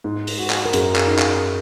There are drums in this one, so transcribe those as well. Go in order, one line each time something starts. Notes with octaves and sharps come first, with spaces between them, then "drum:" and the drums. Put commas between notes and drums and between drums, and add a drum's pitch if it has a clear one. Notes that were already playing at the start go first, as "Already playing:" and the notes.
G#2
drum: open hi-hat
F#4
drum: clap
A#4
F#2 G#4, drum: hi-hat
drum: clap
D#4
drum: clap